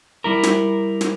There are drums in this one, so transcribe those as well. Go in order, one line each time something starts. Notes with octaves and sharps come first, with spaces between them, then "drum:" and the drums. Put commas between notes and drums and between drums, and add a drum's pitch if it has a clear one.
G3 E4 A#4
drum: snare
drum: snare